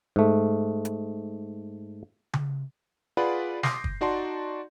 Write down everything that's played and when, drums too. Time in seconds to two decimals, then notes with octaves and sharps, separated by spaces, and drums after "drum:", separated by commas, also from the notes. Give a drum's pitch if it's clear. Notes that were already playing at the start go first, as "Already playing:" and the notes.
0.16 G#2 A3
0.85 drum: hi-hat
2.33 drum: tom C#3
3.17 F4 G#4 B4 D5 F#5 B5
3.63 C6 D6 D#6 G6 A#6 C7, drum: snare
3.84 drum: kick
4.01 D#4 F#4 D5 A5 C6